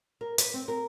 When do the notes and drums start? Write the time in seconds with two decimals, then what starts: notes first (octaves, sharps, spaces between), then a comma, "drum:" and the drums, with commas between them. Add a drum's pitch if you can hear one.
0.21 A#4
0.38 B4, drum: hi-hat
0.54 C4
0.68 A#4